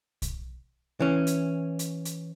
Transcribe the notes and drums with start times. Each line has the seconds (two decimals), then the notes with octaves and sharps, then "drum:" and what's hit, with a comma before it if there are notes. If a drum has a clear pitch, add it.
0.22 drum: kick B1, hi-hat
1.00 E3 C#4
1.27 drum: hi-hat
1.79 drum: hi-hat
2.05 drum: hi-hat